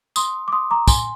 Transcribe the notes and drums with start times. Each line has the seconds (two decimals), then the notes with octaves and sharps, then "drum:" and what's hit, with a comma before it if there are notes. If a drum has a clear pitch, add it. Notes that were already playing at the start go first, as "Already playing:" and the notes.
0.16 C6 D#6, drum: tambourine
0.48 D6
0.52 C6 D#6
0.71 A#5 D6
0.88 G#5 C6, drum: kick, tambourine